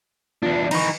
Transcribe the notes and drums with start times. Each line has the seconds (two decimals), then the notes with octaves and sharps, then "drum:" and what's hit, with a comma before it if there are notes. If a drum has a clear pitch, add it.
0.43 E2 B3 D4 F4
0.71 E3 D#4 A#5 B5 C#6, drum: cymbal